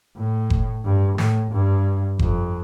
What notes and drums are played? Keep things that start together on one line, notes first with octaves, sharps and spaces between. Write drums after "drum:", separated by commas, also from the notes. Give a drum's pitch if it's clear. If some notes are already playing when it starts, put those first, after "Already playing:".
A2
drum: kick F#1
G2
A2, drum: snare
G2
F2, drum: kick F#1